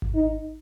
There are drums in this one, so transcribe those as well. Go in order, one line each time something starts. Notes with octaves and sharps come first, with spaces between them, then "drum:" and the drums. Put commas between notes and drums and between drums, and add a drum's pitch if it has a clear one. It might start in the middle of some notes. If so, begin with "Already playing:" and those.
drum: kick G#1
D#4